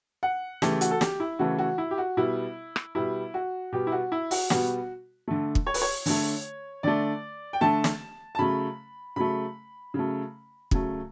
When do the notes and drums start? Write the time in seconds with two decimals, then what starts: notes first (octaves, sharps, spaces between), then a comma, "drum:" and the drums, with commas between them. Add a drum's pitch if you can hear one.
0.23 F#5
0.62 C#3 E3 A3 G4, drum: snare
0.81 F#4, drum: hi-hat
0.91 A4
1.01 G4, drum: snare
1.20 E4
1.39 C#3 E3 A3 F#4
1.59 F#4
1.78 E4
1.91 G4
1.98 F#4
2.17 B2 G3 B3 E4
2.76 drum: rim click
2.95 B2 G3 B3 E4
3.34 F#4
3.72 B2 G3 B3 G4
3.87 E4
3.92 F#4
4.12 E4
4.31 F#4, drum: open hi-hat
4.50 B2 G3 B3 F#4, drum: snare
5.28 D3 A3
5.55 drum: kick
5.67 C#5
5.74 B4, drum: open hi-hat
5.81 C#5
6.06 D3 A3, drum: open hi-hat
6.83 D3 A3 D5
7.53 G5
7.61 D3 A3 A5
7.84 drum: snare
8.35 A5
8.39 C#3 F#3 A3 B5
9.16 C#3 F#3 A3 B5
9.94 C#3 F#3 A3
10.71 C#3 F#3 A3, drum: kick